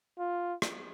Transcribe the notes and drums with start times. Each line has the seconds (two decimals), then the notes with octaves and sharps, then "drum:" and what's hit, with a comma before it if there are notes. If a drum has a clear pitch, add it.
0.19 F4
0.62 drum: rim click